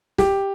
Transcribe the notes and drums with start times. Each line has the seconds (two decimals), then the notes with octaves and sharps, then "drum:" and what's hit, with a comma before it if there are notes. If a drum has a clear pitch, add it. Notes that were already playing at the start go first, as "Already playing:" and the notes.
0.18 G4, drum: snare